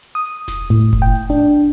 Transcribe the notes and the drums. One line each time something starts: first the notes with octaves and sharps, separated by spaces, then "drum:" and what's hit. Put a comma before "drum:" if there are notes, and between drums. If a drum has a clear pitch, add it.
drum: hi-hat
D#6
drum: hi-hat
drum: snare E1
A2, drum: hi-hat
drum: kick F1, hi-hat
G5
drum: hi-hat
D4